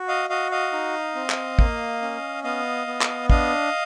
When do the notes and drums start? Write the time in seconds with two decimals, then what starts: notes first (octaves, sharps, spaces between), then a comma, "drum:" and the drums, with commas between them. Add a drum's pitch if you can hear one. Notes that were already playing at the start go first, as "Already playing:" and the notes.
Already playing: F#4
0.08 D#5 F5
0.30 F#4 D#5 F5
0.51 D#5 F5
0.73 D#4
1.15 C4
1.30 drum: clap
1.59 A#3, drum: kick
2.02 C#4
2.44 B3 D#5 F5
2.87 B3
3.01 drum: clap
3.30 D4 D#5 F5, drum: kick